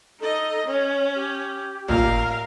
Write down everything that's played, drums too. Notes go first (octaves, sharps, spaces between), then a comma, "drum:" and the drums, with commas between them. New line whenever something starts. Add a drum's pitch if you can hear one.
D#4 A4 D#5
C#4 C#5
G4
A1 A#2 A#4 F5, drum: tom